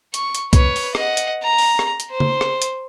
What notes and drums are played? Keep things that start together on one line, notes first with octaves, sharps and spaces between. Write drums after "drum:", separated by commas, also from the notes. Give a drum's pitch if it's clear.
C#6, drum: hi-hat
drum: hi-hat
B4 C#5, drum: kick C2, hi-hat
drum: open hi-hat
D#5 F#5, drum: rim click
drum: hi-hat
A#5
drum: open hi-hat
drum: rim click
drum: hi-hat
C5
drum: tom
drum: rim click
drum: hi-hat